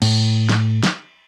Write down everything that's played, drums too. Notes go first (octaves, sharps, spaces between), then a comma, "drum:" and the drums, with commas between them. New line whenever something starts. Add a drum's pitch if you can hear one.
A2, drum: cymbal
drum: snare
drum: snare